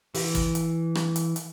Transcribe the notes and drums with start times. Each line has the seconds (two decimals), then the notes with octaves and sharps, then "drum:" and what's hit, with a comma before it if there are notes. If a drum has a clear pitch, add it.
0.14 E3, drum: open hi-hat
0.35 drum: kick, hi-hat
0.55 drum: hi-hat
0.95 drum: rim click
1.16 drum: hi-hat
1.36 drum: hi-hat